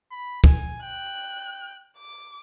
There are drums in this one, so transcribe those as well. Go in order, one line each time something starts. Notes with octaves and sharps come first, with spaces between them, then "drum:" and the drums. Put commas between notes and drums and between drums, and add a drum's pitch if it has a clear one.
B5
G#5, drum: kick
G5 F#6
D6